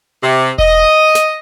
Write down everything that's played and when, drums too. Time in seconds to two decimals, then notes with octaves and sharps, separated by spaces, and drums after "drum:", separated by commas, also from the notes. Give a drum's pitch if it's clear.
0.22 C3
0.59 D#5, drum: kick E1
1.15 drum: snare